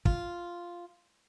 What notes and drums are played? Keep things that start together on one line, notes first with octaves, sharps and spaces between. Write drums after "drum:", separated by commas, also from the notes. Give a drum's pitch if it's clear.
F4, drum: kick